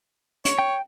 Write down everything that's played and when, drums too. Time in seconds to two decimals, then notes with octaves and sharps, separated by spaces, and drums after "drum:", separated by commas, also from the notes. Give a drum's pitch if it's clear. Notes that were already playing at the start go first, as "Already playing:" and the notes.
0.45 C#5, drum: hi-hat
0.59 G5